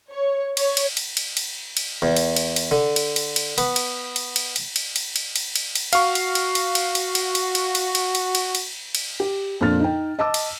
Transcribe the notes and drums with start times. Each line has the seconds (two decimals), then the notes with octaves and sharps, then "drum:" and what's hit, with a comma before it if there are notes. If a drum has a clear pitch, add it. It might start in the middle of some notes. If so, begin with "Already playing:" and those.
0.11 C#5
0.57 C#5, drum: cymbal
0.77 drum: cymbal
0.97 drum: cymbal
1.17 drum: cymbal
1.37 drum: cymbal
1.77 drum: cymbal
2.02 E2
2.17 drum: cymbal
2.36 drum: cymbal
2.56 drum: cymbal
2.71 D3
2.96 drum: cymbal
3.16 drum: cymbal
3.36 drum: cymbal
3.58 B3, drum: cymbal
3.76 drum: cymbal
4.16 drum: cymbal
4.36 drum: cymbal
4.56 drum: cymbal
4.76 drum: cymbal
4.96 drum: cymbal
5.16 drum: cymbal
5.36 drum: cymbal
5.56 drum: cymbal
5.75 drum: cymbal
5.93 F#4 F5 C#6, drum: cymbal
6.15 drum: cymbal
6.35 drum: cymbal
6.55 drum: cymbal
6.75 drum: cymbal
6.95 drum: cymbal
7.15 drum: cymbal
7.35 drum: cymbal
7.55 drum: cymbal
7.75 drum: cymbal
7.95 drum: cymbal
8.15 drum: cymbal
8.35 drum: cymbal
8.55 drum: cymbal
8.95 drum: cymbal
9.20 G4
9.61 F2 A#2 D4 F6 A6
9.80 D#4 G5
10.19 D#5 A5 D6 E6
10.34 drum: cymbal